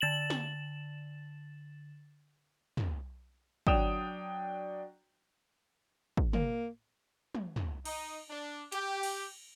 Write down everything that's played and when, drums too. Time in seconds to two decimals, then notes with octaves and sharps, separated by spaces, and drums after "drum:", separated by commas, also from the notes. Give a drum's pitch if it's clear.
0.01 D3 A6 E7 F#7
0.30 drum: snare A#3
2.77 drum: tom
3.67 F#3 D4 G5 D#6 E7 F7, drum: kick
6.17 drum: kick
6.33 A#3, drum: tom
7.35 drum: tom
7.56 drum: tom
7.85 D#4, drum: cymbal
8.29 D4
8.72 G4, drum: hi-hat
9.03 drum: cymbal